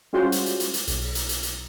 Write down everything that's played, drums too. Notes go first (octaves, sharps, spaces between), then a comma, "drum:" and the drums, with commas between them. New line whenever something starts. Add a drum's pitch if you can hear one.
G3 G#3 C#4 F4 F#4 C5
drum: hi-hat
drum: hi-hat
drum: hi-hat
drum: hi-hat
B1, drum: hi-hat
drum: open hi-hat
drum: hi-hat
drum: hi-hat
drum: hi-hat